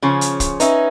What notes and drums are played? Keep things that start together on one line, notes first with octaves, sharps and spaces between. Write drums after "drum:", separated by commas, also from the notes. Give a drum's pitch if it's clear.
C#3 F3 C#4
drum: hi-hat
drum: kick, hi-hat
C#4 D#4 B4 E5, drum: hi-hat